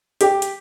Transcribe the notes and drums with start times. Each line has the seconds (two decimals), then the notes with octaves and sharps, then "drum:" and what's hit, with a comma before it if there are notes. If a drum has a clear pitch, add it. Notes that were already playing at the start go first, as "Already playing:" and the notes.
0.21 G4, drum: hi-hat
0.42 drum: hi-hat